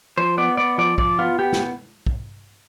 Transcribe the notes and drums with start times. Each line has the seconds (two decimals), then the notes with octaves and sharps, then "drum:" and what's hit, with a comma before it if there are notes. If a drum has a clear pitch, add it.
0.18 F3 C5
0.38 B3 D5
0.57 B3 D5
0.78 F3 D5
0.98 F3 D5, drum: kick
1.19 B3 F4
1.39 B3 G4
1.53 drum: snare
2.07 drum: kick